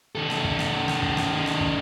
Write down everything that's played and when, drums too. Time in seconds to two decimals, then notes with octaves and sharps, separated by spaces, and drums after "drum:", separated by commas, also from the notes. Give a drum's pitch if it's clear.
0.15 D#3 A4
0.30 drum: snare
0.44 drum: kick
0.59 drum: snare
0.88 drum: snare
1.02 drum: kick
1.17 drum: snare
1.46 drum: snare
1.61 drum: kick